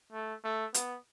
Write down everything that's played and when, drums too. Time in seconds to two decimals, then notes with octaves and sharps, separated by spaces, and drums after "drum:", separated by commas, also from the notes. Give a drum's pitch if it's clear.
0.12 A3
0.44 A3
0.74 B3, drum: hi-hat